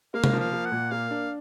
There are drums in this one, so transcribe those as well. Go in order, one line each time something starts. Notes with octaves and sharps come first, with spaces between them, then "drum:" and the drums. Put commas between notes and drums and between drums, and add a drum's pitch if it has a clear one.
A#3 F5
drum: tom C3
F3
F5
A#3
F#5
A#2
A#3 F5
D4